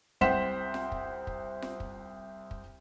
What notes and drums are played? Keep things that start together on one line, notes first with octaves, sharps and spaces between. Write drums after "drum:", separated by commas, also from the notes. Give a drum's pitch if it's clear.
C2 C5 F#5 G5 B6 E7, drum: kick
drum: snare F4
drum: kick
drum: kick
drum: snare F4
drum: kick
drum: kick